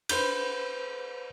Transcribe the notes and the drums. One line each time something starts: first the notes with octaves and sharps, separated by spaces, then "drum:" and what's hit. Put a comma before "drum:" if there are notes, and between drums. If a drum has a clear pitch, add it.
B4 C5 B5 G6, drum: cymbal